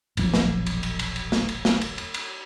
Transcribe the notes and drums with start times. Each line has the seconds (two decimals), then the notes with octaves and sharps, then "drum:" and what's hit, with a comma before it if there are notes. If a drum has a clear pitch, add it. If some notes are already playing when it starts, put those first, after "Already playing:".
0.17 E1 A#1 F3 F#3, drum: cymbal
0.34 drum: snare
0.66 drum: cymbal
0.83 drum: cymbal
0.99 drum: cymbal
1.16 drum: cymbal
1.32 drum: snare
1.49 drum: cymbal
1.65 drum: snare
1.81 drum: cymbal
1.98 drum: cymbal
2.14 drum: cymbal